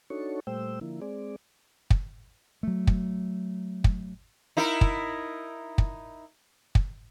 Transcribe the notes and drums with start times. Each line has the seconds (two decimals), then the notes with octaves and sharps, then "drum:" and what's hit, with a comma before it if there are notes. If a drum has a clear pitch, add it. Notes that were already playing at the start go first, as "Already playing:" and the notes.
0.10 D4 D#4 F#4 A4 C#5 C#6
0.47 A#2 G3 A3 C5 G5 E6
0.81 D3 F3 A#3 E4
1.02 G#3 C4 G#4 D5
1.90 drum: kick
2.63 F#3 A3
2.87 drum: kick
3.84 drum: kick
4.57 D#4 E4 A#4
4.81 drum: kick
5.78 drum: kick
6.75 drum: kick